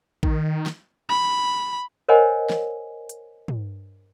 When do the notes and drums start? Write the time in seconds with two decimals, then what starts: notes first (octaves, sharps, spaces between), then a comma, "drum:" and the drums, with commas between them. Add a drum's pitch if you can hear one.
0.23 D#3, drum: kick A1
0.66 drum: snare
1.09 B5
2.09 A#4 C5 C#5 D#5 F#5 G#5
2.50 drum: snare
3.09 drum: hi-hat
3.48 drum: tom